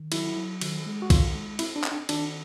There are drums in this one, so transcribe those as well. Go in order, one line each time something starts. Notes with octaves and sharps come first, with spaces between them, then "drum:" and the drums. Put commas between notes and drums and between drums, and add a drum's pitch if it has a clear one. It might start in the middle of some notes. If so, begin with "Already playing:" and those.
Already playing: D#3
F#3 E4, drum: cymbal
F#3
D#3, drum: cymbal
G#3
F#4
D#3 F4, drum: kick, cymbal
G#3
C4 E4, drum: cymbal
D4
C4, drum: clap
D4
D#3 D4, drum: cymbal